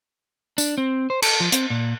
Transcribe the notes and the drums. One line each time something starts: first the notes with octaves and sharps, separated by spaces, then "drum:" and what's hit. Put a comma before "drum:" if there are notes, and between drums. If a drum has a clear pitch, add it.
D4, drum: tambourine
C4
C5
A4, drum: cymbal
F3
C4, drum: hi-hat
A#2